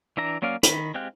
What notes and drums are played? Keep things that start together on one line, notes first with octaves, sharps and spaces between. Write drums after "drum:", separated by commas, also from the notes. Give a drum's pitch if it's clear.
E3 D4 E5 A#5
F#3 A#3 C#4 D5 F5
D#3 B5, drum: hi-hat
G#3 C4 G4 F5 F#6